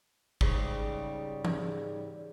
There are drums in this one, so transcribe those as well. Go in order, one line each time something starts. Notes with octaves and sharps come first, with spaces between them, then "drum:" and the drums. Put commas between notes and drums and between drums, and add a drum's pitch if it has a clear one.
G#2 C#3 G3, drum: kick
drum: tom E3